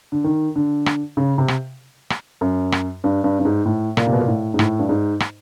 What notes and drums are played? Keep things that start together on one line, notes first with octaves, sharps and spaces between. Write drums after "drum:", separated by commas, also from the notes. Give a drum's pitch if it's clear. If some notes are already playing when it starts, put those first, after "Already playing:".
D3
D#3
D3
drum: rim click
C#3
C3
drum: rim click
drum: rim click
F#2
drum: rim click
G2
G2
G2
G#2
A2
A#2, drum: rim click
C3
B2
A#2
A2
G#2
A2, drum: rim click
G2
G#2
drum: rim click